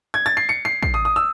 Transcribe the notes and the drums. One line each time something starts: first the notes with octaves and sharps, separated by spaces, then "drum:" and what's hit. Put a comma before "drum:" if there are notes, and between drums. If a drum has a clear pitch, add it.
G#6
A6
C7
C#7
C7
C7, drum: kick
D#6
D#6
E6